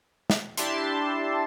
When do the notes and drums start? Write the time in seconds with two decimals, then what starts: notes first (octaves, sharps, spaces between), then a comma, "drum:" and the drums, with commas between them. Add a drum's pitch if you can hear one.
0.30 drum: snare
0.57 D4 E4 G4 E5 A5 C6, drum: hi-hat